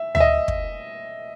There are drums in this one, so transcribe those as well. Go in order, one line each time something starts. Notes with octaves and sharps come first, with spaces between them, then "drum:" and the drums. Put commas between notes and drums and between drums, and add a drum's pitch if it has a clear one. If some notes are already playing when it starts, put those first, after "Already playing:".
Already playing: E5
E5, drum: tom D2
D#5
drum: kick